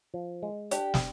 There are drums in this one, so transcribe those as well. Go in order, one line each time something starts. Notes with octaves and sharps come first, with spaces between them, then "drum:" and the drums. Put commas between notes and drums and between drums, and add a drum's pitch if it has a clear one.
F3
G#3
D4 G4, drum: hi-hat
drum: snare